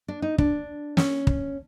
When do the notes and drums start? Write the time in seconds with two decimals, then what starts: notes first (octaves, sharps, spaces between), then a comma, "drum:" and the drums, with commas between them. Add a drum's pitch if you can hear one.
0.08 D4
0.22 D#4
0.38 D4, drum: kick
0.97 C#4, drum: snare
1.27 drum: kick